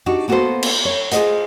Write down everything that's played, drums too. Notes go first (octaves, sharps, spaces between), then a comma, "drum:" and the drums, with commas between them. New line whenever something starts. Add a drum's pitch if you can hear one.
D4 D#4 F#4 G4
A#3 B3 F#4 G#4 A4 C5
drum: cymbal
C#5
F4 G#4 B4 C5 D#5 F#5, drum: hi-hat